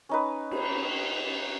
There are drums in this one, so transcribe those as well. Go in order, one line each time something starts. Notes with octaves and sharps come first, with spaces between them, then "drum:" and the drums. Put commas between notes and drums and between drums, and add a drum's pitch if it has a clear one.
C#4 D#4 B4
drum: cymbal